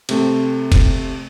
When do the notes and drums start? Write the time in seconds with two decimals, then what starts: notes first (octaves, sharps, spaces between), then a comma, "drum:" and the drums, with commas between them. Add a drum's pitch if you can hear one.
0.09 C3 A3 C4, drum: cymbal
0.72 drum: kick F1, cymbal